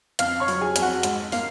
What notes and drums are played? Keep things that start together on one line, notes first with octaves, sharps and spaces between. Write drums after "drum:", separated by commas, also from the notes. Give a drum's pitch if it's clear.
F2 F5 F6, drum: hi-hat
C#5 C#6
F#3, drum: open hi-hat
G#4 G#5
F2, drum: hi-hat
F#4 F#5
G#2, drum: hi-hat
A#3 F5, drum: open hi-hat